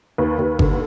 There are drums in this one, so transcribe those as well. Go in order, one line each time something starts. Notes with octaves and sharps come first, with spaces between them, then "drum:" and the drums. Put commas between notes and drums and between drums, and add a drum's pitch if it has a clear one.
D#2 B4
D#2
D3, drum: kick G1